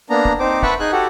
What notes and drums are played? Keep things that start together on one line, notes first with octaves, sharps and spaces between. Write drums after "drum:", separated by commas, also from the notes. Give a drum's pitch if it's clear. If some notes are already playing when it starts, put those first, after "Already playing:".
A#3 B3 D4 A#5
drum: kick
C4 D#4 C5 D6
B4 E5 F#5 A5 B5 C#6, drum: kick
D#4 G#4 G#5 F#6
F#4 G4 A4 F#5